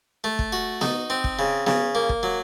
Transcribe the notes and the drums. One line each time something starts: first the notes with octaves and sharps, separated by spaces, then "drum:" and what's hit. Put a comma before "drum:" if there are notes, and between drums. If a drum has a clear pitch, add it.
A3
drum: kick
F#4
D#4, drum: snare B3
C4
drum: kick
C#3
C#3, drum: snare B3
A#3
drum: kick
F#3